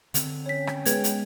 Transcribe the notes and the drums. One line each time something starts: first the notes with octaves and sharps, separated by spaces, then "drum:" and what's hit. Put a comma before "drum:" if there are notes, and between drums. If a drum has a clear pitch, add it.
D3 C4, drum: hi-hat
C#4 C#5 G5 B6
drum: rim click
G#3 B3 G#4 B4 G#6, drum: hi-hat
drum: hi-hat